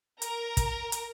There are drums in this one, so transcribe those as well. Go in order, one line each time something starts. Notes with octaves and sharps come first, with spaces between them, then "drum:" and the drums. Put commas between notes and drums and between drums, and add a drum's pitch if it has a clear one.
A#4 A#5, drum: hi-hat
drum: kick, hi-hat
drum: hi-hat